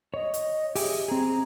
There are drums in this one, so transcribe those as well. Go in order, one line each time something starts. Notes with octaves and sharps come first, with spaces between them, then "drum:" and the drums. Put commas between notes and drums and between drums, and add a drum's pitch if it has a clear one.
C#5 D#5
drum: hi-hat
G4 G#4 E5 G#5, drum: open hi-hat
C4 G#4 A#5